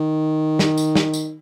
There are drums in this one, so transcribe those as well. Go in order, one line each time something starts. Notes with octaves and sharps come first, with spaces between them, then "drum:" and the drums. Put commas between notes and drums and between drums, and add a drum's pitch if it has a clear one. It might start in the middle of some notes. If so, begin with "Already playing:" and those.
Already playing: D#3
drum: snare
drum: tambourine
drum: snare
drum: tambourine